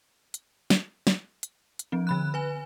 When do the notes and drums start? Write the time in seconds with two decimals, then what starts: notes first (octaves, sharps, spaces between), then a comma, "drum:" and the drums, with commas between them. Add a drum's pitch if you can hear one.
0.34 drum: hi-hat
0.70 drum: snare
1.07 drum: snare
1.43 drum: hi-hat
1.79 drum: hi-hat
1.92 F3 C4
2.07 D3 B5 F#6
2.34 B4 G#5